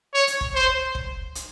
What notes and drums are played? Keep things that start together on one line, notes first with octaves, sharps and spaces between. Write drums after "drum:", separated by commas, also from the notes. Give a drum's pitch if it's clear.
C#5
drum: hi-hat
drum: kick
C5
drum: kick
drum: hi-hat